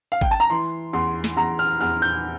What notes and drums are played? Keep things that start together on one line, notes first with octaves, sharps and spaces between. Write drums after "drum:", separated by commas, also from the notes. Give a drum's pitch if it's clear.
F5
G5, drum: kick
A5
A#5
E3 C6
E2 C6
drum: snare
E2 A#5
F6
E2 F6
G6